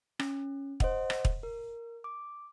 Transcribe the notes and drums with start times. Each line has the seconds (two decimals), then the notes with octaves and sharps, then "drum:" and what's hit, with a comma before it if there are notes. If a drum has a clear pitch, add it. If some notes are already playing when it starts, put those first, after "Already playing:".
0.20 C#4, drum: rim click
0.80 C5 D#5 F#5, drum: kick
1.10 drum: rim click
1.25 drum: kick
1.43 A#4
2.04 D6